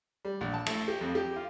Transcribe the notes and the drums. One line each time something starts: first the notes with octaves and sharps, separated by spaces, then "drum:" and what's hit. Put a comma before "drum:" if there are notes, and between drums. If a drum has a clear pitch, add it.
G3
A#1
A5
A3, drum: cymbal
G4
F2
G4
F4